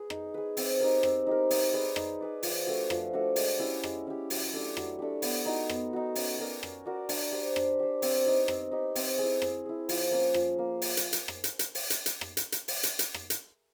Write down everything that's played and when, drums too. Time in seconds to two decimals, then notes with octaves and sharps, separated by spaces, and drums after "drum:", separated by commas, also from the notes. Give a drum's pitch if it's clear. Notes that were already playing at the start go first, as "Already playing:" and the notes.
Already playing: G#4 B4
0.10 D#4, drum: rim click
0.34 G#4 B4
0.57 C4, drum: open hi-hat
0.80 D#4 G4 A#4
1.03 C4, drum: rim click
1.27 D#4 G4 A#4
1.50 D#4, drum: open hi-hat
1.73 G#4 B4 D5
1.96 D#4, drum: rim click
2.21 G#4 B4 D5
2.43 F3, drum: open hi-hat
2.67 A3 D4 F#4
2.90 F3, drum: rim click
3.13 A3 D4 F#4
3.36 G#3, drum: open hi-hat
3.59 C#4 E4 G4
3.84 G#3, drum: rim click
4.07 C#4 E4 G4
4.30 F#3, drum: open hi-hat
4.53 A3 D4 G4
4.77 F#3, drum: rim click
4.99 A3 D4 G4
5.22 B3, drum: open hi-hat
5.46 D#4 F#4
5.70 B3, drum: rim click
5.93 D#4 F#4
6.15 C#4, drum: open hi-hat
6.39 F#4 A#4 D5
6.63 C#4, drum: rim click
6.85 F#4 A#4 D5
7.09 D4, drum: open hi-hat
7.32 G4 C5
7.56 D4, drum: rim click
7.79 G4 C5
8.02 C4, drum: open hi-hat
8.26 D#4 G4 B4
8.48 C4, drum: rim click
8.72 D#4 G4 B4
8.95 C4, drum: open hi-hat
9.19 E4 G#4
9.42 C4, drum: rim click
9.66 E4 G#4
9.89 F3, drum: open hi-hat
10.11 A#3 C#4
10.34 F3, drum: rim click
10.59 A#3
10.82 drum: open hi-hat
10.97 drum: hi-hat
11.13 drum: hi-hat
11.28 drum: rim click
11.44 drum: hi-hat
11.59 drum: hi-hat
11.75 drum: open hi-hat
11.90 drum: hi-hat
12.06 drum: hi-hat
12.21 drum: rim click
12.37 drum: hi-hat
12.52 drum: hi-hat
12.68 drum: open hi-hat
12.83 drum: hi-hat
12.99 drum: hi-hat
13.14 drum: rim click
13.30 drum: hi-hat